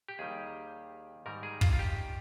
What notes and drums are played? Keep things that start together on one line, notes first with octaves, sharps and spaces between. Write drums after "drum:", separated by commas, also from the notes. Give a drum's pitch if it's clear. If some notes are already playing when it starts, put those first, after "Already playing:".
G4
D#2 D#3 G3 G#4
G#2 D#3 G3 A#4
G#4
F4, drum: kick
F4
G4